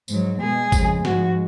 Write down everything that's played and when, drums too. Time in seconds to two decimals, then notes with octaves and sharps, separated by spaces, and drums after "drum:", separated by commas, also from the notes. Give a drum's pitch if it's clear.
0.08 G#2 F#3, drum: tambourine
0.40 B2 G#3 G#4
0.72 F2 C#3 G#3, drum: kick G#1, tambourine
1.05 G#2 F3 G#3 F#4, drum: snare